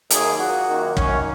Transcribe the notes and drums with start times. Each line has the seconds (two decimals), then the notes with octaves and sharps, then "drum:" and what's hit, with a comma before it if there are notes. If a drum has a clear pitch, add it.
0.10 F#2 D#3 F#3 A#3 G#4, drum: hi-hat
0.39 A#2 A#3 F#4
0.68 F#2 D#3 A#3
0.97 F#2 D#3 A#3 C#4, drum: kick